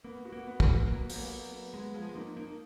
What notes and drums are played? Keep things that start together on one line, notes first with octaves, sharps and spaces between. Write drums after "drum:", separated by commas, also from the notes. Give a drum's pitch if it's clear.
A#3 B3
F#4
A#3
B3
A#3, drum: kick
F#4
F#3 A#3
B3, drum: open hi-hat
A#3
F#3
B3
G#3 B3
F3 G#3
G#3
A#3 D#4
A#3 D#4